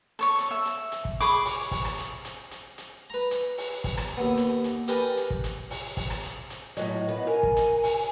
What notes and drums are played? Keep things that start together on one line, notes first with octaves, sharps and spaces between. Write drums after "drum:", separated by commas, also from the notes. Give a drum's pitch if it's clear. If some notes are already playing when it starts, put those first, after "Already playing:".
A4 C#5 C#6
drum: hi-hat
E5
drum: hi-hat
drum: hi-hat
drum: kick
G#4 B5 C#6 D6, drum: hi-hat
drum: open hi-hat
drum: kick, open hi-hat
drum: rim click
drum: hi-hat
drum: hi-hat
drum: hi-hat
drum: hi-hat
B4 A#5
drum: hi-hat
drum: open hi-hat
drum: kick, open hi-hat
drum: rim click
D#2 B3
drum: hi-hat
drum: hi-hat
G4 A#4 B4 D5 G#5, drum: hi-hat
drum: hi-hat
drum: kick
drum: hi-hat
drum: open hi-hat
drum: kick, open hi-hat
drum: rim click
drum: hi-hat
drum: hi-hat
A2 F#3 D#5, drum: hi-hat
B3 B4
A#4 G#5
drum: kick
drum: hi-hat
drum: open hi-hat